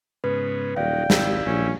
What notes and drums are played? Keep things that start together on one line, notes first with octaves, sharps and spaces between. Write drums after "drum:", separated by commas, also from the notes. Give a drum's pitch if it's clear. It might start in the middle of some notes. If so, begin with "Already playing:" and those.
G#2 C#3 B3 B4
D#1 D#3 F#3 D5 F5 G5
G#1 E4 G4, drum: snare
A#1 C#4